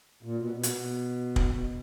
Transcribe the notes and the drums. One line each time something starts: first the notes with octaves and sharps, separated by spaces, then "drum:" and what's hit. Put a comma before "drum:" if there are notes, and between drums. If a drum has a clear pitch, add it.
A#2
B2
B2
drum: hi-hat
drum: kick